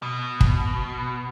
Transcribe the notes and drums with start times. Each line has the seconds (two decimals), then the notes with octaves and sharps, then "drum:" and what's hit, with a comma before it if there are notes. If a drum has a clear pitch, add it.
0.02 B2
0.41 drum: kick